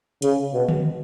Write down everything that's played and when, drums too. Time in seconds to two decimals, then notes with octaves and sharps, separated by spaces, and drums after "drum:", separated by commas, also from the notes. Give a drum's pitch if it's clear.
0.22 C#3, drum: hi-hat
0.54 B2
0.69 drum: tom D3